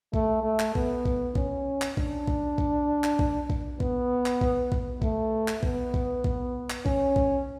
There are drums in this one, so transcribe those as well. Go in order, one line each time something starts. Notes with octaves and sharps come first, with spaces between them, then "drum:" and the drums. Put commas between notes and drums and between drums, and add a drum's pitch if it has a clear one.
A3, drum: kick A#1
A3
drum: clap
B3, drum: kick A#1
drum: kick A#1
C#4, drum: kick A#1
drum: clap
D4, drum: kick A#1
drum: kick A#1
drum: kick A#1
drum: clap
drum: kick A#1
drum: kick A#1
B3, drum: kick A#1
drum: clap
drum: kick A#1
drum: kick A#1
A3, drum: kick A#1
drum: clap
B3, drum: kick A#1
drum: kick A#1
drum: kick A#1
drum: clap
C#4, drum: kick A#1
drum: kick A#1